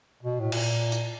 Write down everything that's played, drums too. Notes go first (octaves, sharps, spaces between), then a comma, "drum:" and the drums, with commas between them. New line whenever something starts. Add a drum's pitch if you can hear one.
B2
A2
A#2, drum: cymbal
drum: hi-hat